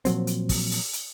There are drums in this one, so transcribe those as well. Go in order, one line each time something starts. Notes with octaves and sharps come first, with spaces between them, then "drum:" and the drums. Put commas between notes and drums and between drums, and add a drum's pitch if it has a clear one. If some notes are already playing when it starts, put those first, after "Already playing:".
A#2 F3 F#3 C4, drum: hi-hat
drum: hi-hat
drum: kick, open hi-hat
drum: open hi-hat
drum: hi-hat